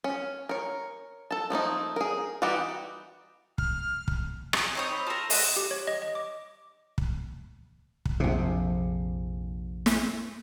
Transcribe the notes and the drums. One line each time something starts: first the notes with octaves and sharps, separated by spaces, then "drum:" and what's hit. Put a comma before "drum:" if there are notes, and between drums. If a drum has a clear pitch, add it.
C#4
A#4 C#5
A4 A5
F3 A3 A#3 D#4
G#4 A#4
E3 G3 D#4 F#4 G4
F6, drum: kick
drum: kick
G#5, drum: rim click
C4 D#4 C5 C#5 D#6
B5 C6
F4 A#4 A5 E6
G#3 F#4 A4 D#5 E5, drum: open hi-hat
G4
C#5
D#5
D#5
D6
drum: kick
drum: kick
A#1 F2 C3
drum: snare